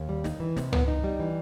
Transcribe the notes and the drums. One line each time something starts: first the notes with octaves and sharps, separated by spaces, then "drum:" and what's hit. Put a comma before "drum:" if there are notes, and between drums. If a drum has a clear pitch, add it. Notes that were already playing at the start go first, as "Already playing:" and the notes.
Already playing: D#2
G3
D#4, drum: snare
E3
C3, drum: snare
B3, drum: tom C#2
D#4
G3
E3